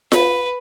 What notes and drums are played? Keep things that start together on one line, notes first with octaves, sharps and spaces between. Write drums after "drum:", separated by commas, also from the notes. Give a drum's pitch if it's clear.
B4, drum: snare F4